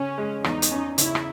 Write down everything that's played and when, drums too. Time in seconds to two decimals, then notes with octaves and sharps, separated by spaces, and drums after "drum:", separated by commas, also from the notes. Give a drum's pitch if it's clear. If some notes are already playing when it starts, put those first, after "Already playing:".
Already playing: C#3 C#4
0.18 G#3
0.44 E2 D#4, drum: rim click
0.62 drum: hi-hat
0.72 C#4
0.98 C#3 E4, drum: hi-hat
1.15 drum: rim click